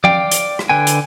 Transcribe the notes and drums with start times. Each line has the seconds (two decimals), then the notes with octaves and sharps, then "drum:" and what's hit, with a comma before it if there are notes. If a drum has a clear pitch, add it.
0.04 D5 F5 G5, drum: tom F3
0.32 drum: hi-hat
0.59 drum: rim click
0.69 D3 B4 G5 G#5
0.87 drum: hi-hat